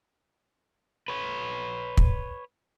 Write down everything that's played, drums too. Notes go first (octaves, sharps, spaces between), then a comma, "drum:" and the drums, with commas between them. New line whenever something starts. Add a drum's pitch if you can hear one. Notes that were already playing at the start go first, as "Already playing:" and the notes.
B4 C#5
drum: kick